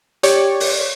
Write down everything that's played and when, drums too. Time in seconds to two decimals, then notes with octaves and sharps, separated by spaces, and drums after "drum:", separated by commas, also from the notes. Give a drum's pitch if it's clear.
0.23 G4 C#5 D5, drum: hi-hat
0.60 drum: open hi-hat